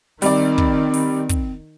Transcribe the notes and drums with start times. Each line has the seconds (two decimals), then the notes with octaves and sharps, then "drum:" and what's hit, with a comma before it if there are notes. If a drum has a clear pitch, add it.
0.22 D#3 G3 C4 D5, drum: open hi-hat
0.58 drum: kick
0.94 drum: open hi-hat
1.29 drum: kick, hi-hat